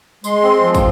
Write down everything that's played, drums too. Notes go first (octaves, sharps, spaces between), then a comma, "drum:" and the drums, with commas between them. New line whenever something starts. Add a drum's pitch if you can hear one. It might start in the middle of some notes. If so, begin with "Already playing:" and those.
G#3 C6, drum: tambourine
C4
F3
drum: kick, tambourine